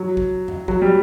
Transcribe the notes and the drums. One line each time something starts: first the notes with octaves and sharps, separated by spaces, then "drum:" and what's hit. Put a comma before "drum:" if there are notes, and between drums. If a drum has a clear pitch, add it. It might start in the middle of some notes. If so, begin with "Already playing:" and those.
Already playing: F#3
drum: kick A1
drum: tom F2
F#3, drum: kick A1
G3